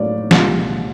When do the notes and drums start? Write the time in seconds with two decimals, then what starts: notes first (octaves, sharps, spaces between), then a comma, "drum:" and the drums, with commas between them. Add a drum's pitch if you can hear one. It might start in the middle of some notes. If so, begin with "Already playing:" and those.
Already playing: A2 F#3 A#3 D5
0.31 C2 A#2 F3 G#3, drum: snare